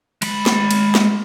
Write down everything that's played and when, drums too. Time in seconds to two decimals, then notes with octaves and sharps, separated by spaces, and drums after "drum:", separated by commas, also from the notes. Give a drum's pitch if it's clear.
0.22 G#3 B5, drum: cymbal
0.46 drum: snare
0.71 drum: cymbal
0.95 drum: snare